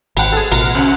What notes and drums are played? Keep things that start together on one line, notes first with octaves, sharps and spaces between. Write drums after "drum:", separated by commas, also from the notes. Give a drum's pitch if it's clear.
G#1 F#5 G5 B5, drum: cymbal
G#4 A4
A1 B2 F4 A#4 F#5, drum: cymbal
D2 C#4 F#5